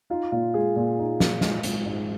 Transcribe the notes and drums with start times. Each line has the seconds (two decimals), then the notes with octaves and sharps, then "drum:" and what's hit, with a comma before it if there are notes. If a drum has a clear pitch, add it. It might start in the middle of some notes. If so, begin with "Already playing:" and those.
0.10 D#4 F4
0.32 A#2 F4
0.54 G#3 G#4
0.76 A#2
0.98 D#4
1.20 A#2, drum: snare
1.41 G#3, drum: snare
1.63 G#1, drum: hi-hat
1.85 G#2